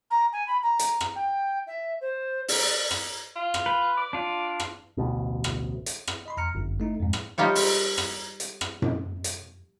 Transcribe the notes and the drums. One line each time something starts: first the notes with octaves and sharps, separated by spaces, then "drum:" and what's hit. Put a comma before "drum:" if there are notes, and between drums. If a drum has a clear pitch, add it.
A#5
G#5
B5
A#5
drum: hi-hat
drum: rim click
G5
E5
C5
D5, drum: open hi-hat
D5
drum: rim click
F4
drum: rim click
B4
D5
D4 F4
drum: rim click
A1 D2 B2
drum: rim click
drum: hi-hat
drum: rim click
D#5 B5 C6
F2 A#5 F6 C#7
G1 F#2
A3 D#4 E4
F2 G#2
drum: rim click
G3 D#4 F4 G4 C#5
drum: open hi-hat
drum: rim click
drum: hi-hat
drum: rim click
drum: tom F#2
drum: hi-hat